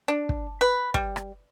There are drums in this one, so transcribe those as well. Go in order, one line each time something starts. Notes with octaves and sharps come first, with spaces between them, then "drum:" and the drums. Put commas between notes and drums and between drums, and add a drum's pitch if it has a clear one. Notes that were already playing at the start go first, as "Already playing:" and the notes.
D4
drum: kick
B4
G3, drum: kick
drum: rim click